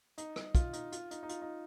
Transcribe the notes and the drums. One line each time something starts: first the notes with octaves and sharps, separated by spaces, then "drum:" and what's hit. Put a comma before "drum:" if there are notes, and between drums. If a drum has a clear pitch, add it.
D#4, drum: hi-hat
D#4, drum: rim click
F4, drum: kick, hi-hat
D#4, drum: hi-hat
F4, drum: hi-hat
D#4, drum: hi-hat
D#4
F4, drum: hi-hat
D#4